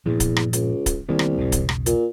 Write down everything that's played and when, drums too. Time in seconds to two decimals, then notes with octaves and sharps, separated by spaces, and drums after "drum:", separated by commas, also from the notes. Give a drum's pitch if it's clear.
0.06 E2 G2 A#2 F3
0.20 drum: kick C#1, hi-hat
0.36 drum: rim click
0.53 C#2, drum: hi-hat
0.86 drum: kick C#1, hi-hat
1.09 C2 D#3 A#3 B3
1.19 drum: rim click
1.38 B1 E2 C#3
1.52 drum: kick C#1, hi-hat
1.69 drum: rim click
1.86 A#2, drum: hi-hat